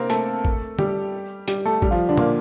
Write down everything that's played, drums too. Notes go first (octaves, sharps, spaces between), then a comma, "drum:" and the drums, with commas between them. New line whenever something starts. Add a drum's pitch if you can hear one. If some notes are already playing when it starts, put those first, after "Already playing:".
Already playing: C3 A#3 C4 A#4
A3 A4, drum: hi-hat
drum: kick
G3 G4, drum: tom
G3 G4, drum: hi-hat
A3 A4
G3 G4, drum: kick
F3 F4
D3 D4
A#2 A#3, drum: tom